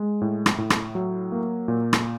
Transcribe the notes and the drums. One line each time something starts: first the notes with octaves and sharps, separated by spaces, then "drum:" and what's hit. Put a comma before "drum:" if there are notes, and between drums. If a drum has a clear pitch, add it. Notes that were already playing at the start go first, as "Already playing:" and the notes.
Already playing: G#3
A2
drum: rim click
A2
drum: rim click
F#3
A#3
A#2
drum: rim click